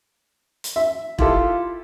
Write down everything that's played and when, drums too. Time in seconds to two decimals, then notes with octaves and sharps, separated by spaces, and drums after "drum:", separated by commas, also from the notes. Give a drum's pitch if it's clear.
0.64 drum: hi-hat
0.76 E5
1.19 E4 F4 G4 A4, drum: kick E1